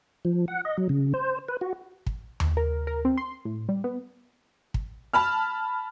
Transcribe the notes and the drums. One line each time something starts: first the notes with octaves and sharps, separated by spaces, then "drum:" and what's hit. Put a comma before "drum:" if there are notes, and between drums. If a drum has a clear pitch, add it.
F3
F#5
D#5
F#3
C#3
C5
B4
F#4
drum: kick
drum: tom D#2
A#4
A#4
C4
C6
A2
G3
B3
drum: kick
A5 B5 F6